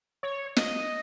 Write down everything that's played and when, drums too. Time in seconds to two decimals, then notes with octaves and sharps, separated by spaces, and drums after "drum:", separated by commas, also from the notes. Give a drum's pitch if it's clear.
0.23 C#5
0.56 D#5, drum: snare